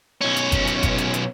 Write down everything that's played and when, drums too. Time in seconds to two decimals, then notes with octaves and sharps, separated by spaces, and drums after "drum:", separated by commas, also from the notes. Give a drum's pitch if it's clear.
0.21 B1 C#4
0.36 drum: hi-hat
0.52 drum: kick F#1, hi-hat
0.67 drum: hi-hat
0.83 drum: kick F#1, hi-hat
0.98 drum: hi-hat
1.14 drum: hi-hat